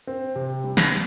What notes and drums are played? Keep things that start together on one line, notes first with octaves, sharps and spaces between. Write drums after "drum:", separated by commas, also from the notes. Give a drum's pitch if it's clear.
C4
C3
G3
drum: snare